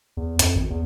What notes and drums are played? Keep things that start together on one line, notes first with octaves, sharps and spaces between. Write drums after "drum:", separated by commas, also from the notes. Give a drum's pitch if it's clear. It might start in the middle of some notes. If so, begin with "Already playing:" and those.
E2
F2, drum: hi-hat
G#1
E2